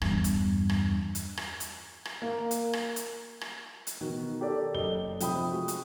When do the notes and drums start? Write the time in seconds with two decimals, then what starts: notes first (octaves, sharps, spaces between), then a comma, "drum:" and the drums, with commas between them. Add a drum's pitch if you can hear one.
0.01 E2 G2, drum: rim click
0.24 drum: hi-hat
0.69 drum: rim click
1.15 drum: hi-hat
1.37 drum: rim click
1.60 drum: hi-hat
2.05 drum: rim click
2.22 A#3
2.51 drum: hi-hat
2.73 drum: rim click
2.96 drum: hi-hat
3.41 drum: rim click
3.87 drum: hi-hat
4.01 B2 D#3 F#4
4.41 G4 A4 A#4 D5
4.74 F#1 A4 D#5 G7
5.20 C3 F3 G5 B5 D#6, drum: hi-hat
5.51 G#3 F#4
5.68 drum: hi-hat